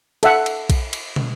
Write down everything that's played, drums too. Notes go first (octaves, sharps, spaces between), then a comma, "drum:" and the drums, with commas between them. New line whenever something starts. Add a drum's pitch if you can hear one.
A4 E5 F#5, drum: cymbal
drum: cymbal
drum: kick B1, cymbal
drum: cymbal
drum: tom